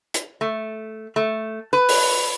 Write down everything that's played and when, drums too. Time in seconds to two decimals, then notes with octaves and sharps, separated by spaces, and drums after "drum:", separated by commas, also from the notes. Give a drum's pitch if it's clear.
0.14 drum: hi-hat
0.41 A3
1.16 A3
1.73 B4
1.89 drum: open hi-hat